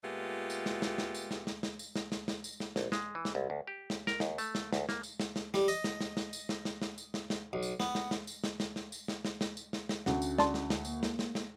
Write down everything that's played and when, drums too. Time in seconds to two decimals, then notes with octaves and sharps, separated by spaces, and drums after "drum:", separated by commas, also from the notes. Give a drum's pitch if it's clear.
0.04 A#2 G#3 A3 B3 F4 G4
0.50 drum: tambourine
0.66 drum: snare
0.82 drum: snare
0.98 drum: snare
1.15 drum: tambourine
1.31 drum: snare
1.47 drum: snare
1.63 drum: snare
1.79 drum: tambourine
1.96 drum: snare
2.12 drum: snare
2.28 drum: snare
2.44 drum: tambourine
2.60 drum: snare
2.76 A#1, drum: snare
2.92 G#3, drum: snare
3.15 E3
3.25 drum: snare
3.35 C2
3.50 D2
3.67 G4
3.90 drum: snare
4.07 A#4, drum: snare
4.20 D#2, drum: snare
4.38 A3, drum: tambourine
4.55 drum: snare
4.73 D2, drum: snare
4.89 A#3, drum: snare
5.03 drum: tambourine
5.20 drum: snare
5.36 drum: snare
5.54 G3, drum: snare
5.68 D#5, drum: tambourine
5.84 drum: snare
6.01 drum: snare
6.17 drum: snare
6.33 drum: tambourine
6.49 drum: snare
6.65 drum: snare
6.82 drum: snare
6.98 drum: tambourine
7.14 drum: snare
7.30 drum: snare
7.53 B1
7.63 drum: tambourine
7.80 B3, drum: snare
7.95 drum: snare
8.11 drum: snare
8.27 drum: tambourine
8.44 drum: snare
8.60 drum: snare
8.76 drum: snare
8.92 drum: tambourine
9.08 drum: snare
9.25 drum: snare
9.41 drum: snare
9.57 drum: tambourine
9.73 drum: snare
9.89 drum: snare
10.06 D2 C#4 F#5, drum: snare
10.22 drum: tambourine
10.38 D5 A5 C6, drum: snare
10.54 drum: snare
10.70 drum: snare
10.85 A#3, drum: tambourine
11.03 drum: snare
11.19 drum: snare
11.35 drum: snare